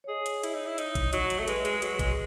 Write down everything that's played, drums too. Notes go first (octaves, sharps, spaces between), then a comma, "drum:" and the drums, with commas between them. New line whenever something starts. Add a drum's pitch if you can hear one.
C#5
G#4 D#5
drum: hi-hat
E4, drum: hi-hat
D#4
E4
D#4, drum: hi-hat
drum: kick A1, hi-hat
F#3, drum: hi-hat
drum: hi-hat
A3
G#3 B4, drum: hi-hat
G#3, drum: hi-hat
F#3, drum: hi-hat
G#3, drum: kick A1, hi-hat